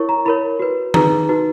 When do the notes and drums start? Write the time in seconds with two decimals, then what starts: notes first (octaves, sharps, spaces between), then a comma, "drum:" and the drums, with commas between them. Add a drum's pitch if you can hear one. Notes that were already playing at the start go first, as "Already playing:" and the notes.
Already playing: E4 A#4 C#5 C#6
0.09 A#5
0.25 E4 A#4 C#5 B5
0.59 F#4 B4
0.94 D#4 G#4 B4 A#5, drum: tom D#3
1.29 D#4 F#4 B4